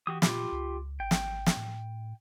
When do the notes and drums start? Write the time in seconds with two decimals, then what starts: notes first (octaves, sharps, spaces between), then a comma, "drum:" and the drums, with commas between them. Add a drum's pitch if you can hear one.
0.07 E3 F#4 G4 D#6
0.22 A#2 F4 G4 B5, drum: snare
0.52 C#2
1.00 G#1 G5
1.11 drum: snare
1.46 drum: snare
1.57 A2